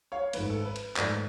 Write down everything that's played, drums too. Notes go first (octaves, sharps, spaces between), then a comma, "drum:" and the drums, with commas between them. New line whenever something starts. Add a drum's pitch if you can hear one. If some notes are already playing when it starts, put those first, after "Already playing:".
C#5 F5
G#1 G#2 F3 A3 B4, drum: cymbal
A4
B4
drum: cymbal
G#1 G#2 F3 A3 B4 D5, drum: clap